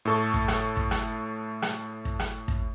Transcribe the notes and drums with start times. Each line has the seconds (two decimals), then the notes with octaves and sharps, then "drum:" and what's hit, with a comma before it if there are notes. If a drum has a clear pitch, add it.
0.05 A2 A4 C#6
0.34 drum: kick
0.48 drum: rim click
0.77 drum: kick
0.91 drum: rim click
1.62 drum: rim click
2.05 drum: kick
2.19 drum: rim click
2.48 drum: kick